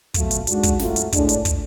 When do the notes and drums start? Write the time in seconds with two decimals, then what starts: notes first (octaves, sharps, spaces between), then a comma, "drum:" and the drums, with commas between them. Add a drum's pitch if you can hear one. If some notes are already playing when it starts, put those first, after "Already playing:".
0.14 B2 F#3 A3 F4, drum: kick, hi-hat
0.31 drum: hi-hat
0.47 G#2 G#3 D4 F#4, drum: hi-hat
0.63 drum: kick, hi-hat
0.79 A2 F#3 A3 F4, drum: snare
0.96 drum: hi-hat
1.12 A2 G#3 D4, drum: kick, hi-hat
1.29 drum: hi-hat
1.45 drum: kick, hi-hat